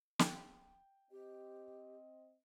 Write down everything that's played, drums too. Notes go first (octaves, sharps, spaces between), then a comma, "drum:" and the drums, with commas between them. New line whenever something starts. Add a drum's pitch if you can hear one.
G5, drum: snare
C4 G4 D#5